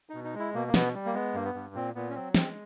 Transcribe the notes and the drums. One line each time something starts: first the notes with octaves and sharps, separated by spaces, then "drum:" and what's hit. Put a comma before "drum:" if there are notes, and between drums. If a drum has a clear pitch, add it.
B2 D#4
D#4
G#3
E4
B2 A#3
A#3
B2 B3, drum: snare
G3
A#3
G#3 B3
G2 A#3
B3
G2
A#2 C4
A#2 B3
C#4
F#3 C4
G#3 C4, drum: snare